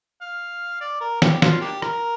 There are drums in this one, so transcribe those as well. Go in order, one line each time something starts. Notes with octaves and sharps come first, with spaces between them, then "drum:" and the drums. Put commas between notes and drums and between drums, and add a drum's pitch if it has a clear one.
F5
D5
A#4
G4, drum: snare
F4, drum: snare
A#3 D4 G4
A#4, drum: rim click